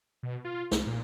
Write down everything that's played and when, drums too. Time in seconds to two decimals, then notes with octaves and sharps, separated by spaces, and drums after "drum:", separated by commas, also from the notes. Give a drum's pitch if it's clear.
0.23 B2
0.45 F4
0.71 C2, drum: snare
0.86 A#2